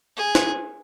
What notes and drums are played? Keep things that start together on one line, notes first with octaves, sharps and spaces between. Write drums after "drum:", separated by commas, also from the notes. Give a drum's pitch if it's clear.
G#4
drum: snare